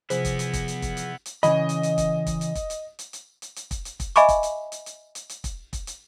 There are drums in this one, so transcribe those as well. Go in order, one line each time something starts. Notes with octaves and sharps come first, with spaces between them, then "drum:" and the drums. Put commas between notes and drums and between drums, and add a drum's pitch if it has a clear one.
C3 F3 B3 E4 G#4 C5, drum: hi-hat
drum: kick, hi-hat
drum: hi-hat
drum: kick, hi-hat
drum: hi-hat
drum: kick, hi-hat
drum: hi-hat
drum: hi-hat
C#3 E3 D#5 B5, drum: hi-hat
drum: hi-hat
drum: hi-hat
drum: kick, hi-hat
drum: kick, hi-hat
drum: hi-hat
drum: kick, hi-hat
drum: hi-hat
drum: hi-hat
drum: hi-hat
drum: hi-hat
drum: hi-hat
drum: kick, hi-hat
drum: hi-hat
drum: kick, hi-hat
D#5 E5 G#5 B5 C#6 D6, drum: hi-hat
drum: kick, hi-hat
drum: hi-hat
drum: hi-hat
drum: hi-hat
drum: hi-hat
drum: hi-hat
drum: kick, hi-hat
drum: kick, hi-hat
drum: hi-hat